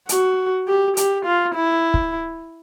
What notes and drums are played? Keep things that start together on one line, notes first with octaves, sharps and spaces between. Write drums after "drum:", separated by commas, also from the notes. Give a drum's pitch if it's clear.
F#4, drum: hi-hat
G4
G4, drum: hi-hat
F4
E4
drum: kick